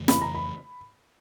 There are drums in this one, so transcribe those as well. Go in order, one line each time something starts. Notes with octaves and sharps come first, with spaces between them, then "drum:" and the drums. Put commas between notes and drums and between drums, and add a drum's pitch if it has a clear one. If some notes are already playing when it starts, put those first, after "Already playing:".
Already playing: F2 C#3 E3 A3
B5, drum: snare
A#5
B5